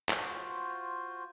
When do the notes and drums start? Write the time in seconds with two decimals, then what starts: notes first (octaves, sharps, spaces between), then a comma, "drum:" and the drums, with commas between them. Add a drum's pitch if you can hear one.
0.09 F4 F#4 C5, drum: clap